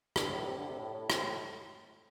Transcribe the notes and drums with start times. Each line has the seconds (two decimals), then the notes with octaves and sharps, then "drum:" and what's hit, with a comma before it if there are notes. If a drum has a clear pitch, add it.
0.16 G2, drum: rim click
0.31 A2
0.47 C3
0.57 D3
0.67 C3
0.79 A2
0.94 A2
1.10 C3, drum: rim click
1.25 A2